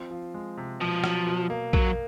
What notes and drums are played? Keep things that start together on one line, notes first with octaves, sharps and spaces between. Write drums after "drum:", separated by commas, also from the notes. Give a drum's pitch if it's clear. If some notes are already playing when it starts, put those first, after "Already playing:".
Already playing: F3 C4
F3
G#3
C3
B2 F3
F#3, drum: rim click
B2
A#3
F#3 A#3, drum: kick A#1